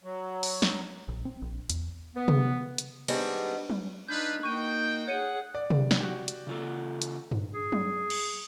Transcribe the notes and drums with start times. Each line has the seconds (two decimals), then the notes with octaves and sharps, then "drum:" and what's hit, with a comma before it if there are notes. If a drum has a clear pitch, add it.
0.04 F#3
0.43 drum: open hi-hat
0.62 drum: snare
1.08 A#1
1.25 C4
1.42 A#1
1.70 E2, drum: hi-hat
2.15 B3
2.28 drum: tom C3
2.78 drum: hi-hat
3.08 D#3 G3 G#3 B3 C4 D4, drum: cymbal
3.70 drum: tom F#3
4.08 D4 D#4 F4 B4 G6
4.43 A#3 D#4 F#4 G5 C#6 D#7
5.08 G#4 C#5 F#5 C#7 D#7
5.55 D5
5.70 drum: tom C3
5.91 drum: snare
6.01 F#4 G4
6.28 drum: hi-hat
6.47 C#3 F4 A4
7.02 drum: hi-hat
7.31 drum: tom G2
7.53 G#4
7.72 drum: tom F#3
8.10 drum: cymbal